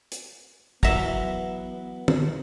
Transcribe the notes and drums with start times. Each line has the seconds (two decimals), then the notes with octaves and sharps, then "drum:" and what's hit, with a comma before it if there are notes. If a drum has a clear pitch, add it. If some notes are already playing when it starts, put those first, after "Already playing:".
0.12 drum: hi-hat
0.83 E3 F#3 B3 E5 A#5, drum: kick
2.08 drum: tom